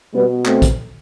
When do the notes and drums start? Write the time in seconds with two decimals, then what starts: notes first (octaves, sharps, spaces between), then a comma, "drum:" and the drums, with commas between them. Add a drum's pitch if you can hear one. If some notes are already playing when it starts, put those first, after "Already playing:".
0.14 B2 G3 B3
0.46 A3 C4, drum: clap
0.62 drum: kick, hi-hat